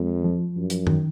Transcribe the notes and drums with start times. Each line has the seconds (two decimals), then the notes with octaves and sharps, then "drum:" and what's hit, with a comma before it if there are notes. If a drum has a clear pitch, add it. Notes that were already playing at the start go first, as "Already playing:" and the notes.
Already playing: F2 G#3
0.25 F3
0.56 F#2
0.70 drum: hi-hat
0.87 D#3, drum: tom F#2